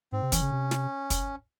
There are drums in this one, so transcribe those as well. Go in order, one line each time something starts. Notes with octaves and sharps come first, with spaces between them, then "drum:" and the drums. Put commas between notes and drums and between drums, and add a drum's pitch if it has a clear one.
G#2 C4
C3
E3 C#4, drum: kick, hi-hat
C#3
C3
drum: snare
drum: kick, hi-hat